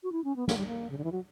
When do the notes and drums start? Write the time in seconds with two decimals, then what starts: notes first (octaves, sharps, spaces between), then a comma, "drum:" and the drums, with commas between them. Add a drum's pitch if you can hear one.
0.03 F#4
0.12 E4
0.24 C#4
0.36 B3
0.48 A#3, drum: snare
0.58 G3
0.67 A#3
0.90 C#3
0.98 D3
1.04 E3
1.12 F#3